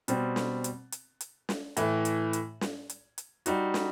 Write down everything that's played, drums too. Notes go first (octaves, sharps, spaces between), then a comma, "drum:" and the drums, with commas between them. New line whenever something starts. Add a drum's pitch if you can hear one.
B2 G3 C4, drum: hi-hat
drum: snare
drum: hi-hat
drum: hi-hat
drum: hi-hat
drum: snare
A2 E3 A3, drum: hi-hat
drum: hi-hat
drum: hi-hat
drum: snare
drum: hi-hat
drum: hi-hat
G3 D#4 F#4, drum: hi-hat
drum: snare